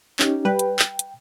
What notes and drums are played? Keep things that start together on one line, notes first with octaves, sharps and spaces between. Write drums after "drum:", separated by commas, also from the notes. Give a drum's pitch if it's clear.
C#4 D#4 G4, drum: clap
G3 B4 G5
drum: hi-hat
drum: clap
drum: hi-hat